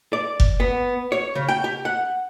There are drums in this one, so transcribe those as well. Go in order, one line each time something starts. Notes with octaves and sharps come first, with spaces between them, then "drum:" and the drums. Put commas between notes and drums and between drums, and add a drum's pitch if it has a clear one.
D5
drum: kick F1
B3
C#5
C#3
G5
G4
F#5